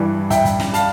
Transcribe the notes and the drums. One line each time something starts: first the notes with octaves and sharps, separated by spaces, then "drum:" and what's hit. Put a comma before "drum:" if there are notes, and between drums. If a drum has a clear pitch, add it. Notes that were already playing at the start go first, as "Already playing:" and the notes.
Already playing: G2 E3 G3
E5 G5, drum: kick, hi-hat
drum: kick, hi-hat
drum: snare
F5 A5, drum: hi-hat